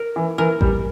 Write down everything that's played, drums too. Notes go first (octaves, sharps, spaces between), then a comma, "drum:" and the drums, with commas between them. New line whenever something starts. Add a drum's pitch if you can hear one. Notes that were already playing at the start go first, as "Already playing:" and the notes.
Already playing: A#4
E3
E3 A#4
G3, drum: kick A1